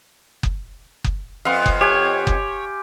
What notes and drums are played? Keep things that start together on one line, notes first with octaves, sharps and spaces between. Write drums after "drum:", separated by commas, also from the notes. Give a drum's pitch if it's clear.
drum: kick F#1
drum: kick F#1
F2 B3 F5 C6
drum: kick F#1
G4 C#5 G#5
drum: kick F#1